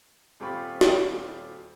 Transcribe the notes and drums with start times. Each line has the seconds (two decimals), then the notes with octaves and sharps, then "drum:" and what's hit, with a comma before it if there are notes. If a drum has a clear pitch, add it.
0.40 D#1 C4 F4 G4 B5 C#6
0.81 drum: snare